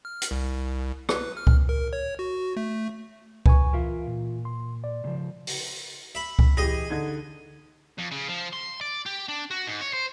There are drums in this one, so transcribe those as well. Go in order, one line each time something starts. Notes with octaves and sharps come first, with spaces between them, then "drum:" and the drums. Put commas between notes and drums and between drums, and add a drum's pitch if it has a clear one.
F6
drum: hi-hat
C2
B4, drum: rim click
F6
drum: kick C#2
A#4
C#5
F#4
A3
B4 G#5 C#6, drum: kick C#2
E3 F4 A#4 E5 F5
A#2
C6
D5
A2 C#3 F3
drum: open hi-hat
E5 B5
drum: kick C#2
E3 G4 G#4 D#5 A#6
D3 D#4 G#6
F2
C#3
F3
C6
D5
G4
D4
F#4
G#2
C#5
C5